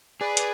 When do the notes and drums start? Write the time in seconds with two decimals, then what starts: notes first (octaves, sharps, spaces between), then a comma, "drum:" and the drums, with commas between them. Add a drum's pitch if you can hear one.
0.20 G#4 B4 D5
0.37 drum: hi-hat